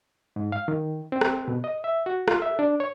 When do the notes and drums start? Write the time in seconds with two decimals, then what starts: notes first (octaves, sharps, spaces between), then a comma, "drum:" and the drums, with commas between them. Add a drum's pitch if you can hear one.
0.36 G#2
0.52 F5
0.68 D#3
1.12 C4
1.21 drum: rim click
1.48 B2
1.64 D#5
1.84 E5
2.06 F#4
2.28 F4, drum: rim click
2.42 E5
2.59 D4
2.80 C#5